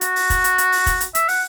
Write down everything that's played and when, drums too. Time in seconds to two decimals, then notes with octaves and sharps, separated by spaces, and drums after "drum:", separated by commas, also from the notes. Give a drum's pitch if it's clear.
0.01 F#4, drum: hi-hat
0.16 drum: open hi-hat
0.30 drum: kick, hi-hat
0.44 drum: hi-hat
0.58 drum: hi-hat
0.72 drum: open hi-hat
0.86 drum: kick, hi-hat
1.01 drum: hi-hat
1.15 E5, drum: hi-hat
1.28 F#5, drum: open hi-hat